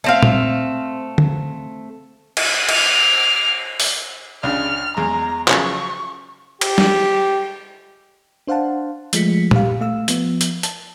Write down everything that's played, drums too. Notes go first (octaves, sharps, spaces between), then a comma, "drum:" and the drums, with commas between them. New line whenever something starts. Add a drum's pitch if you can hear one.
A3 C4 F5
drum: tom
drum: tom D3
drum: cymbal
D6 F6, drum: cymbal
drum: open hi-hat
C#2 C#3 D4 F6
E2 G#3 A#5
C#3 F3 F#3 C#6, drum: clap
G4, drum: cymbal
drum: snare
D4 C5 F5 F#5 A5
F3 G#3 A3 B6 C#7, drum: hi-hat
G4 F5, drum: tom
A3 F5 E6
F3 B3, drum: hi-hat
drum: hi-hat
A5, drum: hi-hat